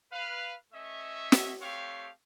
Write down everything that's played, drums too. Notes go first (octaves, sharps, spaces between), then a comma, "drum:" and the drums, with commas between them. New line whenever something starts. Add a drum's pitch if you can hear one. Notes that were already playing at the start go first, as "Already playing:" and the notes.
B4 F5
A3 C#4 D#5 E5
drum: snare
A3 C4 G4 C#5 F5